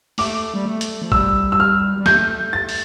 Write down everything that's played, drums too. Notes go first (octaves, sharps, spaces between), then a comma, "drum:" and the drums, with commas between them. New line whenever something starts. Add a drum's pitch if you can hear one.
A3 D6, drum: open hi-hat
G3
A3
drum: hi-hat
F3
G3 E6, drum: kick G#1
E6
F6
G3
A3 G6, drum: snare
A6
drum: open hi-hat